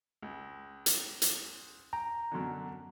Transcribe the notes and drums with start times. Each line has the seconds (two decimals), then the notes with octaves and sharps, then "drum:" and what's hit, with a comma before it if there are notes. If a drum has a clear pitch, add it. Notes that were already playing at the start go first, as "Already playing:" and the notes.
0.22 C#2
0.86 drum: hi-hat
1.22 drum: hi-hat
1.93 G5 A#5
2.32 F#2 B2 D3